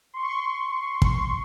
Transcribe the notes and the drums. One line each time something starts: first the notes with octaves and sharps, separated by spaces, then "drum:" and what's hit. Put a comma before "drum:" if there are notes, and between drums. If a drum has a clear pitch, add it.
C6 C#6
drum: kick